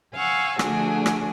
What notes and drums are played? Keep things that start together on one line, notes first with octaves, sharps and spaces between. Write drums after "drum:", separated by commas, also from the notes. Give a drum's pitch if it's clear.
F5 F#5 G#5 C#6 E6
D3 F3 A3 D4 F#4 G#4, drum: rim click
drum: rim click